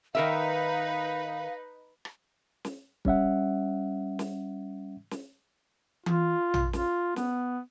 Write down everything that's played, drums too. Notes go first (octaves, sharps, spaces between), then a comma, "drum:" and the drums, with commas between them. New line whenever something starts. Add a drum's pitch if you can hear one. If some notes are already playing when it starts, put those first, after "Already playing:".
D#3 D#4 A#4 B4 E5 F5
drum: rim click
drum: snare
G3 C#4 E5 F#5, drum: kick
drum: snare
drum: snare
F4, drum: tom E3
drum: tom A#1
F4, drum: snare
B3, drum: snare